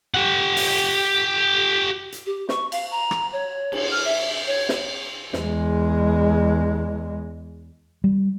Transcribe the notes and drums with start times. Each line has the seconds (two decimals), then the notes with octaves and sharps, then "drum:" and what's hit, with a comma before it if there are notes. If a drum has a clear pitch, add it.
0.15 G4 F#5
0.57 drum: open hi-hat
2.12 drum: hi-hat
2.26 G4
2.49 C#6, drum: snare
2.72 F5, drum: cymbal
2.91 A#5
3.11 drum: rim click
3.33 C#5
3.72 drum: cymbal
3.91 F6
4.05 E5
4.47 C#5
4.69 drum: snare
5.33 E2 G#3, drum: snare
8.04 G3